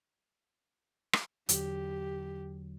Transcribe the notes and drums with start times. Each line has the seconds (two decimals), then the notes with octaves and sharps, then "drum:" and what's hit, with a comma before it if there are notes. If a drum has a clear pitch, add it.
1.13 drum: rim click
1.49 E2 D3 F#3 G4, drum: hi-hat